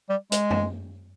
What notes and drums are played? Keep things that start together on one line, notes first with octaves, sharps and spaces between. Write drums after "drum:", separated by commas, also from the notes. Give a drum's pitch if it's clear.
G3
G#3, drum: hi-hat
drum: tom